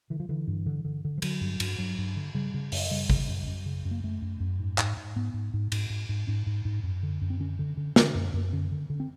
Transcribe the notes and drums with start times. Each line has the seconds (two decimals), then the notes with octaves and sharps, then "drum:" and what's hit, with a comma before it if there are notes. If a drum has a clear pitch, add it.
0.10 D3 E3
0.20 F3
0.29 D3 E3
0.47 G2
0.66 D3
0.85 D3
1.05 D3
1.18 F3
1.22 D3 F#3, drum: cymbal
1.41 G2
1.60 G2, drum: cymbal
1.78 G2 F#3
1.98 G2
2.16 D3
2.35 C#3 G3
2.54 C#3
2.72 F#2, drum: open hi-hat
2.91 C#3 G3
3.10 C#3, drum: kick
3.28 F#2
3.47 F#2
3.66 C#3
3.85 F#2
3.91 A#3
4.04 F#2 A3
4.22 F#2
4.40 F#2
4.60 G#2
4.78 G#2, drum: clap
4.97 G#2
5.16 G#2 B3
5.34 G#2
5.54 G#2
5.72 G#2, drum: cymbal
5.90 G#2
6.09 G#2
6.27 G#2 C#4
6.47 G#2
6.65 G#2
6.83 F#2
7.03 D3
7.21 F#2
7.30 C4
7.40 D3 C#4
7.59 D3
7.77 D3
7.96 D3 D4, drum: snare
8.15 F#2
8.34 F#2
8.53 D3 C#4
8.71 D3
8.90 D3
9.00 C4